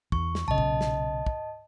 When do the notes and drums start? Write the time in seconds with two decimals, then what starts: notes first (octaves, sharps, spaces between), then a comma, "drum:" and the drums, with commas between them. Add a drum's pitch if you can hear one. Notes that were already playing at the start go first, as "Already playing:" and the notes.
0.12 E2 C#6, drum: kick
0.35 drum: snare
0.48 B1 A#2 C#3 D#5 A5
0.58 drum: kick
0.81 drum: snare
1.26 drum: kick